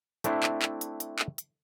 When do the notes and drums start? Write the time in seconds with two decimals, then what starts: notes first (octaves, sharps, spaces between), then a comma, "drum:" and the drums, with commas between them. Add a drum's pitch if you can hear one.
0.24 A3 C4 D4 E4, drum: hi-hat
0.43 drum: clap
0.62 drum: clap
0.81 drum: hi-hat
1.00 drum: hi-hat
1.19 drum: clap
1.38 drum: hi-hat